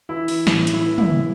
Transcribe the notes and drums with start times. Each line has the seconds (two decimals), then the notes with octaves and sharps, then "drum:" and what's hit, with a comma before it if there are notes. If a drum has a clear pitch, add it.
0.09 E3 E4
0.28 E3, drum: open hi-hat
0.47 A2 E4, drum: snare
0.67 A2, drum: hi-hat
0.73 E4
0.86 E3
0.98 E4, drum: tom
1.05 E3